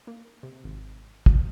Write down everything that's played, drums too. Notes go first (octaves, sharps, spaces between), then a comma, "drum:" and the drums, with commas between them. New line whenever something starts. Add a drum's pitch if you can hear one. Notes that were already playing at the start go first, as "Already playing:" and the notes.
A#3
C3
G#1
drum: kick